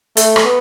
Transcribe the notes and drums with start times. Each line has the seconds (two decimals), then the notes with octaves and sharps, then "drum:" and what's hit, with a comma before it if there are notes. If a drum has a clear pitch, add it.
0.17 A3, drum: hi-hat
0.36 drum: rim click
0.45 B3